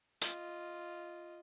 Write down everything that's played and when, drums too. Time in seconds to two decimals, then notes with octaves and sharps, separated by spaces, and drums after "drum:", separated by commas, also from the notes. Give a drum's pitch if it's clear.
0.21 F4 D#5, drum: hi-hat